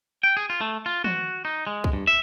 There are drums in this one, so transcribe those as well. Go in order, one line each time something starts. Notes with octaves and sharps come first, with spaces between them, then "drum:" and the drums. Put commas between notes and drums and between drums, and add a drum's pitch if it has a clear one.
G5
G#4
F4
A3
F4
F#4, drum: tom
D#4
G#3
drum: kick C2
G2
E5